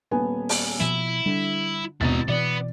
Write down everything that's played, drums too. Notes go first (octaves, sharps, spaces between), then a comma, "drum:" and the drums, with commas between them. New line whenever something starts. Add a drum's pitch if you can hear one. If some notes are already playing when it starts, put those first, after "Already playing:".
D#1 B3 G#5
drum: open hi-hat
B2 F3 E4
D3 G3
G#1 D#2 B2 E4 A#5 A6
B2 E3 B3 D5